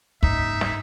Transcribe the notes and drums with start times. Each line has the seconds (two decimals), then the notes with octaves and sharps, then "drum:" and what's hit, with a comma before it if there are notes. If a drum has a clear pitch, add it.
0.23 F#1 G#2 D#4 E5, drum: kick
0.61 drum: snare